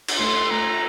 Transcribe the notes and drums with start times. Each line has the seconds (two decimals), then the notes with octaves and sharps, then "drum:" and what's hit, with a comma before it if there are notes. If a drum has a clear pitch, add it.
0.08 drum: cymbal
0.19 A3 C6
0.51 A3 A#5